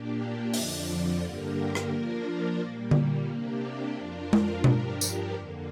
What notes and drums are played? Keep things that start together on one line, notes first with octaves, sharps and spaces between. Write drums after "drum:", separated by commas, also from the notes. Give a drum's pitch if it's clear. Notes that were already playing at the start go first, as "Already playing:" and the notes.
Already playing: A#2 A#3 D4 G4
F2 D3 F3 D4, drum: open hi-hat
G2 D3 A#3 G4 A#4
drum: rim click
F3 A#3 D4 F4 A#4
A#2 G3 A#3
drum: tom D3
C3 A#3 D4 G4
F2 F3 D4 F4 A#4
drum: tom G#3
G2 F3 D4 G4 A#4, drum: tom B2
drum: tambourine
F2 D3 A#3